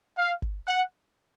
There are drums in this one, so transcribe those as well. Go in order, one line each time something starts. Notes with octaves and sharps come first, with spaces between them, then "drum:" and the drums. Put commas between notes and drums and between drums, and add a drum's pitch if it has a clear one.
F5
drum: kick G1
F#5